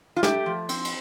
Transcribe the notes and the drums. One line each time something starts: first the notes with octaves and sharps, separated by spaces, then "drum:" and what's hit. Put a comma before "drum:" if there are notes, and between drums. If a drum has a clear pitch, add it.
F4
A3 G4, drum: snare
F3
C4, drum: cymbal
drum: cymbal